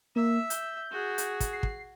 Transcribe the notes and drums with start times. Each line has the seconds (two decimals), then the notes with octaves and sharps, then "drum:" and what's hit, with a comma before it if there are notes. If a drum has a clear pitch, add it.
0.16 A#3 E5
0.50 G6, drum: hi-hat
0.91 F#4 G#4
1.18 drum: hi-hat
1.40 drum: kick, hi-hat
1.53 C7
1.63 drum: kick